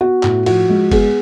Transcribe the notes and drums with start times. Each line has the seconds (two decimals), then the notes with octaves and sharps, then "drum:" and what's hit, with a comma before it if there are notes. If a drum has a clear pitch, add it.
0.01 B3 F#4
0.23 A2, drum: clap
0.46 F3 F#4, drum: cymbal
0.69 G#3
0.91 B3 G#4, drum: kick F#1, cymbal